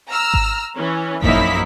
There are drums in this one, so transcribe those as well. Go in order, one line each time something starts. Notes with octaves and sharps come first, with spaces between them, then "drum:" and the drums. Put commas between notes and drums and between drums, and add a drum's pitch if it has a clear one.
A#5 E6 F6
drum: kick G#1
E3 C#4
A#1 F#2 A#3 D#4 E4 B6, drum: kick G#1